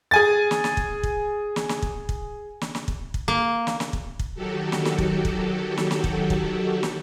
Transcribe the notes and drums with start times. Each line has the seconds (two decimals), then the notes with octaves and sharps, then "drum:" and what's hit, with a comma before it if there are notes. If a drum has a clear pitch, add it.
0.11 G#4 G#5 A6
0.51 drum: snare
0.64 drum: snare
0.77 drum: kick
1.03 drum: kick
1.56 drum: snare
1.69 drum: snare
1.82 drum: kick
2.09 drum: kick
2.61 drum: snare
2.75 drum: snare
2.88 drum: kick
3.14 drum: kick
3.28 A#3
3.67 drum: snare
3.80 drum: snare
3.93 drum: kick
4.19 drum: kick
4.35 D#3 F#3 F#4 G4 A4
4.72 drum: snare
4.85 drum: snare
4.98 drum: kick
5.25 drum: kick
5.77 drum: snare
5.91 drum: snare
6.04 drum: kick
6.30 drum: kick
6.83 drum: snare